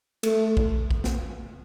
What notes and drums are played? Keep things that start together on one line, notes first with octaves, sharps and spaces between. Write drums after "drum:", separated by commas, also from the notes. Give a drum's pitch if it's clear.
A3, drum: cymbal
drum: kick
drum: kick
drum: snare